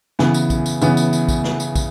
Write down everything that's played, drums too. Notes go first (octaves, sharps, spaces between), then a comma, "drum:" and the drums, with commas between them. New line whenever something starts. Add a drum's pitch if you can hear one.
C#3 E3 B3, drum: snare
drum: tambourine
drum: kick, tambourine
drum: tambourine
C#3 E3 B3, drum: tambourine
drum: tambourine
drum: tambourine
drum: kick, tambourine
drum: snare
drum: tambourine
drum: kick, tambourine